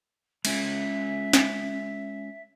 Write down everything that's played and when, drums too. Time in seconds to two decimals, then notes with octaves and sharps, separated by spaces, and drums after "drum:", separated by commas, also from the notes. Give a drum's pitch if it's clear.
0.45 G#3 C#4 F4 E5, drum: cymbal
1.33 drum: snare